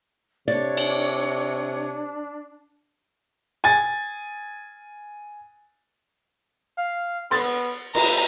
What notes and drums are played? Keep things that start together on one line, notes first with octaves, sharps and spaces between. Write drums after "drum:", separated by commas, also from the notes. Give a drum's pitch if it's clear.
C3 D4 C#5 D5, drum: hi-hat
drum: cymbal
G#5 A6, drum: hi-hat
F5
B3 C6 A6, drum: open hi-hat
E4 A#5, drum: cymbal